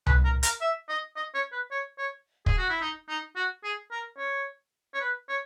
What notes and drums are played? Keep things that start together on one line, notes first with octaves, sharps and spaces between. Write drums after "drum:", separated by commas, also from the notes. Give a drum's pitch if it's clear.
B4, drum: tom C2
A#4
A#4, drum: hi-hat
E5
D#5
D#5
C#5
B4
C#5
C#5
G#4, drum: kick
F#4
E4
D#4
D#4
F#4
G#4
A#4
C#5
C#5
B4
C#5